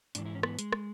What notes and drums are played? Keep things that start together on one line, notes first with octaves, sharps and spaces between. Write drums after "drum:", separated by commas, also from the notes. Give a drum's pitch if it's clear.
G#2 E3 D4, drum: hi-hat
E4
C#4
B3, drum: rim click
G#3, drum: hi-hat
drum: rim click